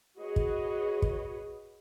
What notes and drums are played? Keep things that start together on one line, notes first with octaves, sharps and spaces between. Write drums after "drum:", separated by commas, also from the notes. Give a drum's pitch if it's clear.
F#4 G#4 B4 C#5 D#5
drum: kick
drum: kick